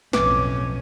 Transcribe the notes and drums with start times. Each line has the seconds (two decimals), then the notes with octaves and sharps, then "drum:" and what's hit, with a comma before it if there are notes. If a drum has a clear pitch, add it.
0.13 B1 F2 A2 C#4 B4 D6, drum: snare